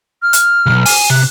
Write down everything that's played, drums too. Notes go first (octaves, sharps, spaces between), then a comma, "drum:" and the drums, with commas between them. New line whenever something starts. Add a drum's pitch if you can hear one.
F6
drum: hi-hat
B1 C#3
G#5, drum: open hi-hat
C3 F#6